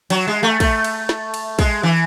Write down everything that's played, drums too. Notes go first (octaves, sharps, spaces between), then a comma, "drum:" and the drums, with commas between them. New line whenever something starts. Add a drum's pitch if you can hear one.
F#3, drum: cymbal
G#3
A3
A3, drum: kick, cymbal
drum: cymbal
drum: snare
drum: cymbal
G#3, drum: kick, cymbal
E3